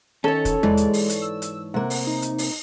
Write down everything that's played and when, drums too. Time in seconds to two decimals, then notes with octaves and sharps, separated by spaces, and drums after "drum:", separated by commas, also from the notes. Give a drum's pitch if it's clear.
0.24 D#3 C#4 A4 C#5
0.45 drum: kick, hi-hat
0.63 G#2 E3 G#3 D5, drum: tom
0.77 drum: hi-hat
0.93 drum: open hi-hat
1.10 drum: hi-hat
1.22 E6
1.42 drum: hi-hat
1.74 C3 A#3 F#5
1.90 drum: open hi-hat
2.07 D#4
2.22 drum: hi-hat
2.38 drum: open hi-hat